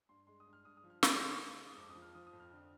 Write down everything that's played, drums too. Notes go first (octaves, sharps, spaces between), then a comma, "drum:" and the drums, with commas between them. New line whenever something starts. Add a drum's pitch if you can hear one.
G2 C6
G#3 C6
D#6
G2
F6
G2 D#6
D#6
F3
F6
F3 D#6, drum: snare
C3
G#3
G#3
D#6
F2 D6
D#6
F3
F6
F3 D#6
D#6
F2
F6
D3